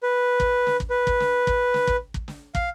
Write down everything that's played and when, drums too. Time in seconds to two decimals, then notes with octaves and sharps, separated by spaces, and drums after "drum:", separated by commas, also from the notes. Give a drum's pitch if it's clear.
0.03 B4
0.40 drum: kick
0.67 drum: snare
0.80 drum: kick
0.90 B4
1.07 drum: kick
1.20 drum: snare
1.47 drum: kick
1.74 drum: snare
1.87 drum: kick
2.14 drum: kick
2.28 drum: snare
2.55 F5, drum: kick